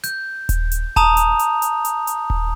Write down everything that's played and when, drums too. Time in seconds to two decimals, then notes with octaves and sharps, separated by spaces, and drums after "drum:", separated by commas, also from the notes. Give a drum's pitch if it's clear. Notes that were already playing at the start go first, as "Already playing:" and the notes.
0.04 G6, drum: hi-hat
0.49 drum: kick D#1, hi-hat
0.71 drum: hi-hat
0.96 A5 A#5 D#6 F7, drum: kick D#1
1.17 drum: hi-hat
1.39 drum: hi-hat
1.62 drum: hi-hat
1.85 drum: hi-hat
2.07 drum: hi-hat
2.30 drum: kick D#1